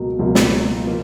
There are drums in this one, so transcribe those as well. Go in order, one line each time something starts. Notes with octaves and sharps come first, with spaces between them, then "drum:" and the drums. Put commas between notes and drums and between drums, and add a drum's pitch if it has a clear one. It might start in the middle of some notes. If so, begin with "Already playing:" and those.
Already playing: C#2 B2 F#3 A#3
C#2 B2 F#3 A#3
drum: snare
F3 A#3